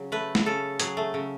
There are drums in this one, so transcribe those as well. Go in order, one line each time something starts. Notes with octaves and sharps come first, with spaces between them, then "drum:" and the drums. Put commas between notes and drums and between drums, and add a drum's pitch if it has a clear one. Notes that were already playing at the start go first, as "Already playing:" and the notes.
Already playing: C#3 F#3
A3 B4
drum: snare
C#3 A4
F#3 G#4, drum: hi-hat
A3
C#3